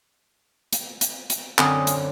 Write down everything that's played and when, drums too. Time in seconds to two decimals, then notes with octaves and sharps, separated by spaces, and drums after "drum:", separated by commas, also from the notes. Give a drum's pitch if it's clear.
0.73 drum: hi-hat
1.01 drum: hi-hat
1.30 drum: hi-hat
1.58 F#2 D3 C4 G#5 D#6, drum: clap
1.87 drum: hi-hat